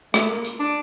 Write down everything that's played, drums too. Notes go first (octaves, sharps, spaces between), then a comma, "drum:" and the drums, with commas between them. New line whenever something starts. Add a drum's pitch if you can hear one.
A3, drum: rim click
A#3
drum: tambourine
D4